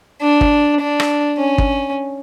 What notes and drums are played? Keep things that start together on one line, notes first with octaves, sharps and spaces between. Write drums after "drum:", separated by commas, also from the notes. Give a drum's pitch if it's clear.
D4
drum: kick
D4
drum: rim click
C#4
drum: kick